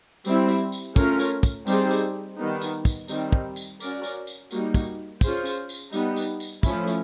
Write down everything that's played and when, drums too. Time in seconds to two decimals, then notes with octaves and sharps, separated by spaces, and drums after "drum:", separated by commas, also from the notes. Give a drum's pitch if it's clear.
0.25 G3 C4 E4, drum: tambourine
0.48 drum: tambourine
0.72 drum: tambourine
0.96 A3 C#4 F4 A#4, drum: kick, tambourine
1.19 drum: tambourine
1.43 drum: kick, tambourine
1.67 G3 C4 D#4 G#4 C5, drum: tambourine
1.90 drum: tambourine
2.37 D#3 G3 B3 D#4
2.61 drum: tambourine
2.85 drum: kick, tambourine
3.08 D#3 G3 C4 D#4, drum: tambourine
3.32 drum: kick
3.56 drum: tambourine
3.80 C#4 F#4 A#4 D5, drum: tambourine
4.03 drum: tambourine
4.27 drum: tambourine
4.51 G3 A#3 D#4 F#4, drum: tambourine
4.74 drum: kick, tambourine
5.21 C#4 F4 G#4 C5, drum: kick, tambourine
5.45 drum: tambourine
5.69 drum: tambourine
5.93 G3 B3 D#4, drum: tambourine
6.16 drum: tambourine
6.40 drum: tambourine
6.63 F3 A3 C#4 E4, drum: kick, tambourine
6.87 drum: tambourine